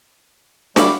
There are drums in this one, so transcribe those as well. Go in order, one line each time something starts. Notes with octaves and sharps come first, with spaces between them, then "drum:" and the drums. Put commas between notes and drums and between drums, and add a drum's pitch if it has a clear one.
G3 E4 F#4 F5 D6, drum: snare